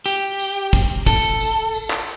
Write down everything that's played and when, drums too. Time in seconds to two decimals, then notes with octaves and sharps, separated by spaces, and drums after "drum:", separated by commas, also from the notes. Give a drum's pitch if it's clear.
0.06 G4, drum: tambourine
0.39 drum: tambourine
0.73 drum: kick, tambourine
1.07 A4, drum: kick, tambourine
1.40 drum: tambourine
1.74 drum: tambourine
1.90 drum: clap